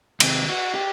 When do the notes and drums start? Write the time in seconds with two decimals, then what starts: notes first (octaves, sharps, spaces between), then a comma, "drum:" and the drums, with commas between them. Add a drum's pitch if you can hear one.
0.20 D#2 C3, drum: cymbal
0.50 F#4
0.75 G4